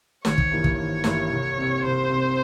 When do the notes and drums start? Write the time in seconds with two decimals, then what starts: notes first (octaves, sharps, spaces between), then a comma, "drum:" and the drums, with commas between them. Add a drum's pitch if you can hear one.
0.25 G#1 C#5, drum: snare
0.38 drum: kick
0.51 G2 E3 A#3 E4
0.64 drum: kick
0.77 G#1 C#5
1.04 G2 E3 A#3 E4, drum: snare
1.30 C2
1.56 C3 G3 C4
1.83 C2 C5
2.09 C3 G3 C4